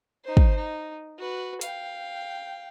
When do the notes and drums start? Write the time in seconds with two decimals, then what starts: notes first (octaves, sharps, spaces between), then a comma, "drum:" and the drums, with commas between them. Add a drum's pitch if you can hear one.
0.24 D#4 C5
0.37 drum: kick
0.55 D#4
1.19 F#4 B4
1.61 F5 G5, drum: hi-hat